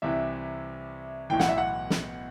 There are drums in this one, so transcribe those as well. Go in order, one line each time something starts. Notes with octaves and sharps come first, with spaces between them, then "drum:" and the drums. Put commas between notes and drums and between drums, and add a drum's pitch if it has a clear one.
C2 C3 E3 E5
B1 A2 E3 G5
F#5, drum: snare
E5
F#5
drum: snare